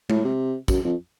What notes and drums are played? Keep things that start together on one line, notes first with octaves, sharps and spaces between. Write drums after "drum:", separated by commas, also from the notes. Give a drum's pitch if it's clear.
A2, drum: tom G#3
C3
F#2, drum: kick, tambourine
F2